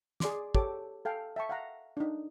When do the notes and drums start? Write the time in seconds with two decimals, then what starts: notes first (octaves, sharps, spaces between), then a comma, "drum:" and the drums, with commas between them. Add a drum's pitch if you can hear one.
0.20 G#4 D5 C6 D6, drum: snare
0.55 G4 A4 C#5 D6, drum: kick
1.05 A4 F5 G5 G#5
1.36 E5 G5 A5 C#6
1.49 F5 F#5 A#5
1.97 D4 D#4